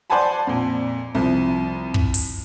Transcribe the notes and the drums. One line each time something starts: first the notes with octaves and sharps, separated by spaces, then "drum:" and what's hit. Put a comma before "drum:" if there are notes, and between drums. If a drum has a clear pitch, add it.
C5 D5 F#5 G#5 A5 B5
F2 A#2
C2 F3
drum: kick
drum: open hi-hat